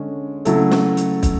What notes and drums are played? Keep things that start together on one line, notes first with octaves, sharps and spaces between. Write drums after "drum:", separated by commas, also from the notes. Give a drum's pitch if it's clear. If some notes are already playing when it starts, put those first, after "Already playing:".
Already playing: D3 G#3 C#4
C#3 F#3 A3 E4 A4, drum: hi-hat
drum: snare
drum: hi-hat
drum: kick, hi-hat